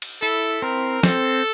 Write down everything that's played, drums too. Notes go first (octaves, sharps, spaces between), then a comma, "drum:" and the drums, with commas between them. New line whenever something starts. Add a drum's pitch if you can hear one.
drum: cymbal
E4 A4
C4 A#4
C4 A4, drum: snare